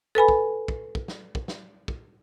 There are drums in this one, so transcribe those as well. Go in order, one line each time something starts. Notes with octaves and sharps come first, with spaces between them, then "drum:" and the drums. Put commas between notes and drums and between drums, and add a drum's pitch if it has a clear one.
A4 B4 G#5 B5
drum: kick
drum: kick
drum: kick
drum: snare
drum: kick
drum: snare
drum: kick